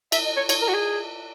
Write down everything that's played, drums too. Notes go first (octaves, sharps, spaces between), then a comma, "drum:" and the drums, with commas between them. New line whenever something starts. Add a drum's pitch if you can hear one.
E5, drum: cymbal
D#5
C#5
C#5, drum: cymbal
A#4
F#4
G#4